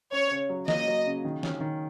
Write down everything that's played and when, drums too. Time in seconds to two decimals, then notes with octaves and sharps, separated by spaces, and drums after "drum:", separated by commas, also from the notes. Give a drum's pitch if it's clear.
0.12 C#4 C#5
0.31 C#3
0.49 F#3
0.68 A#3 D#5, drum: snare
0.88 F#3
1.06 C#3
1.24 D#3
1.43 C#4, drum: snare
1.61 D#3